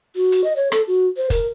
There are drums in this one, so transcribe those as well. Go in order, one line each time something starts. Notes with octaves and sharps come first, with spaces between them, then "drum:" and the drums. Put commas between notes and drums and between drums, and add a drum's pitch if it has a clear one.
F#4
drum: hi-hat
D#5
C#5
A4, drum: rim click
F#4
C5
A#4, drum: kick, hi-hat